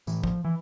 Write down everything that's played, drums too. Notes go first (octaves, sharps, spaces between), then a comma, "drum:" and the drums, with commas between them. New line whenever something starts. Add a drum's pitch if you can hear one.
A2 E3, drum: tambourine
F3, drum: kick
E3